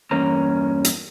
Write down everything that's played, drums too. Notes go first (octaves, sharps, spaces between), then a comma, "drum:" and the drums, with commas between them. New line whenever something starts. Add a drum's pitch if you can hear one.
E2 G2 A#3 C#4 A#5
drum: hi-hat